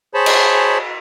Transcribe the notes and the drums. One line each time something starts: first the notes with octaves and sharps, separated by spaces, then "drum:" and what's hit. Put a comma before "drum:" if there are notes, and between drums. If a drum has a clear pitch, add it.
G#4 C5 C#5 A5 B5
drum: cymbal